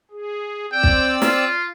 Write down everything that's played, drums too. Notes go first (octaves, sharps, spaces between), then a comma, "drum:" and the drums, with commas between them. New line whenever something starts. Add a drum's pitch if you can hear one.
G#4
C4 D5 G5 E6
drum: kick
F4, drum: snare